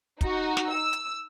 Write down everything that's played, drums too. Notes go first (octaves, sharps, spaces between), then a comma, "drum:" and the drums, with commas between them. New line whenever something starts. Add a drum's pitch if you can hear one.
D#4 F#4, drum: kick, hi-hat
drum: snare
E6
drum: hi-hat